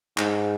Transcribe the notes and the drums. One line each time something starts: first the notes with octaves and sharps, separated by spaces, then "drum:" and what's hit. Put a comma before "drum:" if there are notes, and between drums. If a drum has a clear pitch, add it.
G#2, drum: clap